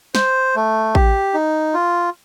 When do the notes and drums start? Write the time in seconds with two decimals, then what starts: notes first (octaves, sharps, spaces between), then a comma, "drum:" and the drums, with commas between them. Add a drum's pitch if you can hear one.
0.15 C5, drum: snare
0.56 A3
0.95 G4, drum: kick A1
1.34 D#4
1.74 F4